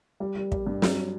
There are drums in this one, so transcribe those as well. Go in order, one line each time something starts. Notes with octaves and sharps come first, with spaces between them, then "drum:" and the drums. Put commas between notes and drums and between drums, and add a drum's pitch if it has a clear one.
G3
G3
G3, drum: kick
G2
F#3, drum: snare